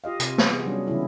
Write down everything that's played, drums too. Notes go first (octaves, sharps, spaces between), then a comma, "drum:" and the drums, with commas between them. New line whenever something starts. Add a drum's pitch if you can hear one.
F4 G4 D#5 F5
C3, drum: hi-hat
B3, drum: snare
G#4
F#3 G3 C#4 D4
C#3 E3 B3 E4 G#4